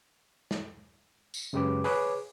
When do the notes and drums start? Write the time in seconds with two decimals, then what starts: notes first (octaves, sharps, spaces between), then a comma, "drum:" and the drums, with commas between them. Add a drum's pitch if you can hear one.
0.51 drum: snare
1.34 drum: tambourine
1.53 F#2 C#3 G#3 G4 B4 D6
1.84 G#4 B4 C#5 D6, drum: open hi-hat